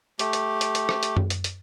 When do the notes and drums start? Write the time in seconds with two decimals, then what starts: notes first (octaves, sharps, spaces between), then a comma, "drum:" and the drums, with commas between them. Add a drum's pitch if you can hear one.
0.19 A3 G4, drum: hi-hat
0.33 drum: hi-hat
0.61 drum: hi-hat
0.75 drum: hi-hat
0.89 drum: rim click
1.03 drum: hi-hat
1.17 drum: tom F#2
1.30 drum: hi-hat
1.44 drum: hi-hat